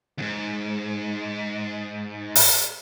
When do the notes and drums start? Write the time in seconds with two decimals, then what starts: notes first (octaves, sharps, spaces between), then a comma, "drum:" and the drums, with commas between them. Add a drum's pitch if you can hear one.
0.18 D#2 G#2
2.35 drum: open hi-hat